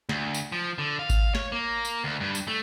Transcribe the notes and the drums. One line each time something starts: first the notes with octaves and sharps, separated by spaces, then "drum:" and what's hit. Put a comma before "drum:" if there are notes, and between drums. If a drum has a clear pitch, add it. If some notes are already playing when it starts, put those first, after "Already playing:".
D2, drum: snare
drum: tambourine
F3
D3
F5
drum: kick G#1, tambourine
C#5, drum: snare
A#3
drum: tambourine
D2
G2
drum: tambourine
A3